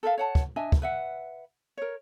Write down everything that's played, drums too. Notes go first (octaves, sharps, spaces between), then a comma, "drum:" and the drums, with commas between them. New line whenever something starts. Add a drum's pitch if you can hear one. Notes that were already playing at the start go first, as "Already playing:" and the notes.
A4 A#4 E5 F5
C#5 F#5 A5
drum: kick
D4 D#5 E5 G#5
drum: kick
B4 E5 F#5
A#4 C#5